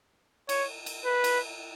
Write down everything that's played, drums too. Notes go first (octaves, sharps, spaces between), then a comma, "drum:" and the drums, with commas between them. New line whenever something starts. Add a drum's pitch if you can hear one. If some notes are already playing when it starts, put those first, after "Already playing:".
C#5, drum: cymbal
drum: cymbal
B4
drum: cymbal